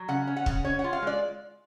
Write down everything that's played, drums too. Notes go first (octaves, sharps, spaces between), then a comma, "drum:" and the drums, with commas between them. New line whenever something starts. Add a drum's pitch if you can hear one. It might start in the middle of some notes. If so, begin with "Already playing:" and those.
Already playing: F#3
C#3 F#5
C#4
F#5
C#3, drum: kick
C#4 C#5
F#5
F4
F5
G#3 D5